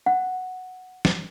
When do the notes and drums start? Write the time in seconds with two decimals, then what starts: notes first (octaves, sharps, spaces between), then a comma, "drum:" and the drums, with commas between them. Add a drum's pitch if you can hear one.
0.06 F#5
1.05 drum: snare